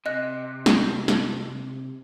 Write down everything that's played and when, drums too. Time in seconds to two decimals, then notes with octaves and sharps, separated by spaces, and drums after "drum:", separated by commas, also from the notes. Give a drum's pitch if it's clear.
0.06 C3 D#5 F#6
0.66 drum: snare
1.08 drum: snare